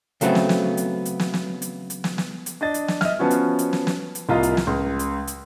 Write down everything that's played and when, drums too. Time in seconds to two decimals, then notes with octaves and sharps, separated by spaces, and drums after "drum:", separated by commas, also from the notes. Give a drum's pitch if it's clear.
0.21 C#3 F#3 A3 B3 C4, drum: hi-hat
0.35 drum: snare
0.49 drum: snare
0.77 drum: hi-hat
1.05 drum: hi-hat
1.20 drum: snare
1.34 drum: snare
1.62 drum: hi-hat
1.90 drum: hi-hat
2.04 drum: snare
2.18 drum: snare
2.46 drum: hi-hat
2.61 D4 D#5 A6
2.74 drum: hi-hat
2.88 drum: snare
3.01 D#5 E5 F6, drum: snare
3.19 F3 B3 C#4 F#4
3.31 drum: hi-hat
3.59 drum: hi-hat
3.73 drum: snare
3.87 drum: snare
4.15 drum: hi-hat
4.29 C2 A#3 F4 D#5 F5 A#5
4.43 drum: hi-hat
4.57 drum: snare
4.67 C#2
4.99 drum: hi-hat
5.27 drum: hi-hat